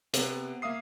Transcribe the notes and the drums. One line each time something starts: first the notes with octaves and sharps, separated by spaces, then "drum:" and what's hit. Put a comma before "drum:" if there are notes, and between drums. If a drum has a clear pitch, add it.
C3 B3, drum: hi-hat
A#3 E5 F5 D#6 C7